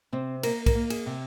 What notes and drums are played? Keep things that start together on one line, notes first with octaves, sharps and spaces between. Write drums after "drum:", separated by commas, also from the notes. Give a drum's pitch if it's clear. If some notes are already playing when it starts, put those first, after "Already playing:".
C3 C4
A#3 A#4, drum: cymbal
A#4, drum: kick, cymbal
A#3
G#4, drum: cymbal
C3